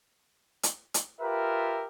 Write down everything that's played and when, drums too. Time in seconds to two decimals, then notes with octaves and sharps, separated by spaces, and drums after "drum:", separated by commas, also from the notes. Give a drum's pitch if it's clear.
0.63 drum: hi-hat
0.94 drum: hi-hat
1.21 F4 G4 A#4 B4 E5